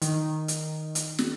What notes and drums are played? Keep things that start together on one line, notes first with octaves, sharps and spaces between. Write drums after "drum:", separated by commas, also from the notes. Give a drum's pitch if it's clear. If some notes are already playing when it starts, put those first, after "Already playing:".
D#3, drum: hi-hat
drum: hi-hat
drum: hi-hat
drum: snare